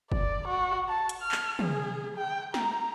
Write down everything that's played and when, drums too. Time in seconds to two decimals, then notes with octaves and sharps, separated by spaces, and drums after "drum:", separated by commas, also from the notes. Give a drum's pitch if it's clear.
0.12 D5, drum: kick
0.48 F#4
0.89 A5
1.09 drum: hi-hat
1.22 F6
1.32 drum: clap
1.59 G#4, drum: tom
2.17 G5
2.54 A#5, drum: snare